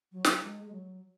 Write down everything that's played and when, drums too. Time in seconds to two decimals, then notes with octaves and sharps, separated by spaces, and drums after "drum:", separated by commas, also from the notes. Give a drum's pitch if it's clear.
0.12 F#3
0.24 drum: snare
0.42 G#3
0.64 G#3
0.72 F#3